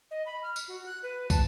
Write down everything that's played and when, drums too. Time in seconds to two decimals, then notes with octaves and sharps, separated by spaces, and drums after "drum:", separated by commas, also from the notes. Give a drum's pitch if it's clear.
0.11 D#5
0.26 B5
0.43 F6
0.56 drum: tambourine
0.68 F#4
0.86 F#6
1.03 B4
1.30 A5, drum: kick, tambourine